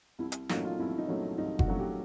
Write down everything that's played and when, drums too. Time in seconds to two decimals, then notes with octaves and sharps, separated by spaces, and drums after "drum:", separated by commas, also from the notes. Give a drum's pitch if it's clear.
0.19 C2 E4
0.32 drum: hi-hat
0.49 A#2 F#3 A3 C#4 D#4, drum: snare
0.65 F4
0.79 C2 E4
0.98 D#4
1.08 A#2 F#3 A3 C#4
1.38 C2 D#4
1.59 F#4, drum: kick F#1
1.68 A#2 F#3 A3 C#4
1.79 G4